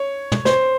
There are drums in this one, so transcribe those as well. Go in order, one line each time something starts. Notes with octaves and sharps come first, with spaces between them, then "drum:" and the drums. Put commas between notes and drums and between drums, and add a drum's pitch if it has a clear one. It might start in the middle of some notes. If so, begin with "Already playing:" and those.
Already playing: C#5
drum: tom
C5, drum: snare